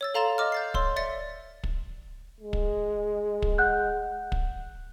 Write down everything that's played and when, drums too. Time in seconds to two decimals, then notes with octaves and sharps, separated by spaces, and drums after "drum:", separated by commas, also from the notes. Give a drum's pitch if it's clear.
0.01 C#5 E6 A6
0.14 A4 F5 A#5 C6 A6 E7
0.38 D#5 D6 F6
0.52 G6 A6 C7
0.74 C#5 C6 E6, drum: kick
0.96 D5 E5 A6 C#7
1.64 drum: kick
2.40 G#3
2.53 drum: kick
3.42 drum: kick
3.58 F#5 F#6 G6
4.32 drum: kick